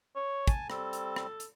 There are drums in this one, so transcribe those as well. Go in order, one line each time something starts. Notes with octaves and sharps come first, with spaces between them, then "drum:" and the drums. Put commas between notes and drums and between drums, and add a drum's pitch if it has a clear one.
C#5
G#5 A5, drum: kick, hi-hat
G3 C4 A4, drum: rim click
drum: hi-hat
drum: rim click
drum: hi-hat